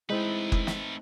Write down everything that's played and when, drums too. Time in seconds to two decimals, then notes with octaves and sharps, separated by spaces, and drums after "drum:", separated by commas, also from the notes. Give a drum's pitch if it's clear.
0.10 G#3 A3 C4 D#4 E4 B4
0.52 drum: kick F#1
0.67 drum: snare